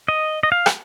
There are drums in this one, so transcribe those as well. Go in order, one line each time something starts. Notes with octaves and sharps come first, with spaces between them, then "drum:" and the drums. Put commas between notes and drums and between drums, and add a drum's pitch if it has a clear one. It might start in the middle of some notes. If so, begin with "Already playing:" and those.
D#5
D#5
F5
drum: rim click